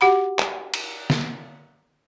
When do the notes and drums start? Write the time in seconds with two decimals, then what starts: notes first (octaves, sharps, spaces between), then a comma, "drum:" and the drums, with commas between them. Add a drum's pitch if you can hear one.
0.01 F#4 G4 F#5 B5
0.39 drum: clap
0.74 drum: cymbal
1.10 drum: snare